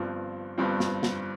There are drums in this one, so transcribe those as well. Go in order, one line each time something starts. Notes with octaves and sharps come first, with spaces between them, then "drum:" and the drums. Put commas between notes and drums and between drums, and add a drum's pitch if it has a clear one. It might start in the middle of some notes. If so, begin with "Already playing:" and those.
Already playing: G1 G2 F3 C4
G1 G2 F3 C4
drum: snare
drum: snare